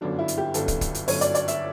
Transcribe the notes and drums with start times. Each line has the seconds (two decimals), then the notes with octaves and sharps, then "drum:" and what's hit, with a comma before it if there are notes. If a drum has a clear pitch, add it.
0.01 G1 F#2 D3 F#3 D4
0.19 E4
0.28 drum: hi-hat
0.38 G4
0.54 G1 F#2 D3 F#3 A4, drum: hi-hat
0.68 drum: kick, hi-hat
0.81 drum: kick, hi-hat
0.94 drum: hi-hat
1.08 G1 F#2 D3 F#3 C#5, drum: open hi-hat
1.21 D5, drum: hi-hat
1.35 D5, drum: hi-hat
1.48 E5, drum: hi-hat